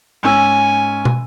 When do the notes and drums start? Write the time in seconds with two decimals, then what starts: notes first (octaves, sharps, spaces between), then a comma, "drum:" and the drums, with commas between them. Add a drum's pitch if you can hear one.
0.23 G#2 C#4 G#5 E6
1.05 drum: tom